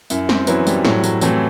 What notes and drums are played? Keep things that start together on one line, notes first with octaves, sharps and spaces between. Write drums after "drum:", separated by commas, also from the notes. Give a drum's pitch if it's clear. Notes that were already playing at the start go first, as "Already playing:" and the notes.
F#2 E4, drum: tambourine
C4, drum: snare
E3 F#3 B3 E4, drum: tambourine
G3, drum: tambourine
A2 F#3, drum: snare
F#3, drum: tambourine
E3 F#3 A3 C4, drum: tambourine